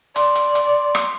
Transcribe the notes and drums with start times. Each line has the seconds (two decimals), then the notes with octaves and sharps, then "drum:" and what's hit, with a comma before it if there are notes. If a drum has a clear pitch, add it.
0.16 D5 C6, drum: hi-hat
0.35 drum: hi-hat
0.55 drum: hi-hat
0.95 drum: rim click